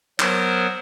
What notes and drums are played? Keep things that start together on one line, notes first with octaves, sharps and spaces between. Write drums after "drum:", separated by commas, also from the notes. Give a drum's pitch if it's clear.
F#3 B3 A#4 C5, drum: clap